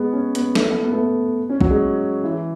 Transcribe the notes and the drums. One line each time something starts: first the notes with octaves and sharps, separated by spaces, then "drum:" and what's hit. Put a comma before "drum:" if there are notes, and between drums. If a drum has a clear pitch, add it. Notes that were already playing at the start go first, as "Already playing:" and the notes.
Already playing: G#3 B3
C#4
B3, drum: hi-hat
A3, drum: snare
B3
B3
A3
B3
C#4
F#3, drum: kick A#1
G#3
E3